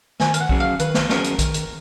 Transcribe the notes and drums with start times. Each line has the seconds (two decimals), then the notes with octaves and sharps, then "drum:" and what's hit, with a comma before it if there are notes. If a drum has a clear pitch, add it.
0.20 D#3 G#5, drum: snare
0.34 F5, drum: hi-hat
0.40 F#5
0.49 F#3 C#4 G#4, drum: kick A#1
0.60 F5
0.79 D#3 B4, drum: hi-hat
0.94 drum: snare
1.09 F#3 C#4 G#4 A#4, drum: snare
1.24 drum: hi-hat
1.39 D#3, drum: kick A#1, hi-hat
1.54 drum: hi-hat